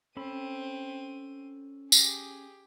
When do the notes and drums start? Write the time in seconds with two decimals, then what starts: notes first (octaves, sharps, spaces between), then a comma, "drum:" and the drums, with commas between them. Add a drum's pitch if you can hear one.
0.17 C4 C#4 A4 B5 D#7
1.92 G4 G#4, drum: tambourine